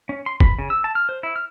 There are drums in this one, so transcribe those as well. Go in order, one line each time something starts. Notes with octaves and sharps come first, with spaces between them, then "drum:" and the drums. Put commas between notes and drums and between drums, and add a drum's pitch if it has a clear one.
C#4
C6
B5, drum: kick
C#3
E6
A5
F6
C5
E4
F6